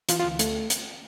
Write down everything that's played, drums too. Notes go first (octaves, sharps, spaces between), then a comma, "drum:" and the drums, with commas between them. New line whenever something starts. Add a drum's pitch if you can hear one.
E3 F4, drum: hi-hat
F4
D2
A3, drum: hi-hat
drum: hi-hat